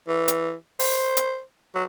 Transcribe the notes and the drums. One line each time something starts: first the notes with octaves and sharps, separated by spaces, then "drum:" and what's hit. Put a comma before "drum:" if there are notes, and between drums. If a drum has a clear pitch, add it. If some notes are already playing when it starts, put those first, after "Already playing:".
E3
drum: hi-hat
C5, drum: open hi-hat
drum: hi-hat
F#3